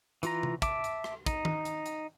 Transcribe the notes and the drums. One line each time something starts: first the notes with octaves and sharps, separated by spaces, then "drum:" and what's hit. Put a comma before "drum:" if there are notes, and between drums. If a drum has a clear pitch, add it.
E3 F4 A#5, drum: hi-hat
drum: tom C3
E5 A5 D6, drum: kick, hi-hat
drum: hi-hat
drum: rim click
D#4, drum: kick, hi-hat
drum: tom
drum: hi-hat
drum: hi-hat